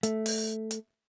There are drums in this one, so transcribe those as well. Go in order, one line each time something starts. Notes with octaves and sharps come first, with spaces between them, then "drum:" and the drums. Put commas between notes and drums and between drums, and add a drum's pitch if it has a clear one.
A3, drum: hi-hat
drum: open hi-hat
drum: hi-hat